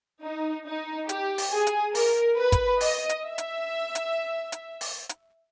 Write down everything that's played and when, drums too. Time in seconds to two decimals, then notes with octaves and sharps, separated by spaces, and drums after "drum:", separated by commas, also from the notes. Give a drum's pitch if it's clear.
0.23 D#4
0.66 D#4
1.09 G4, drum: hi-hat
1.38 drum: open hi-hat
1.52 G#4
1.67 drum: hi-hat
1.95 A#4, drum: open hi-hat
2.38 B4
2.52 drum: kick, hi-hat
2.81 D#5, drum: open hi-hat
3.09 drum: hi-hat
3.24 E5
3.38 drum: hi-hat
3.95 drum: hi-hat
4.52 drum: hi-hat
4.81 drum: open hi-hat
5.09 drum: hi-hat